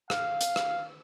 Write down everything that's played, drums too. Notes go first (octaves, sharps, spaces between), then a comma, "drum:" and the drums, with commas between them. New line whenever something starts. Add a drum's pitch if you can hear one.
F5, drum: rim click
drum: hi-hat
drum: rim click